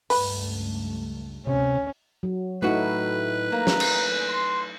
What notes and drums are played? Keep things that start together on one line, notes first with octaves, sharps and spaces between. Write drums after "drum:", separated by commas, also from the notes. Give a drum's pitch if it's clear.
C#2 G2 A3 B4, drum: open hi-hat
A1 D2 C3 C#4
F#3
A2 A3 D#4 E4 F#4 B4
A#3 A#5
drum: snare
drum: cymbal
C6